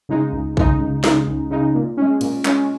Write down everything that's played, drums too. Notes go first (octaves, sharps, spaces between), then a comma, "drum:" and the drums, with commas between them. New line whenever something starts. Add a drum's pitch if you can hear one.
C#3 G#3 D#4
C#2
C#3 G#3 D#4, drum: kick
C#2
C#3 G#3 D#4, drum: snare
C#2
C#3 G#3 D#4
A#2
G#3 C#4
A#2, drum: cymbal
G#3 C#4, drum: clap